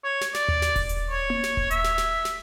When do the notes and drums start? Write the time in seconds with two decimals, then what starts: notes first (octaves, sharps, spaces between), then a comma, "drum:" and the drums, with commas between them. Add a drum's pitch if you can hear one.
0.04 C#5
0.21 drum: snare
0.34 D5, drum: snare
0.48 drum: tom D#2
0.62 drum: snare
0.76 drum: kick D#1, open hi-hat
0.89 drum: hi-hat
1.11 C#5
1.30 drum: tom A#3
1.44 drum: snare
1.57 drum: kick D#1
1.71 E5, drum: hi-hat
1.84 drum: snare
1.98 drum: snare
2.25 drum: snare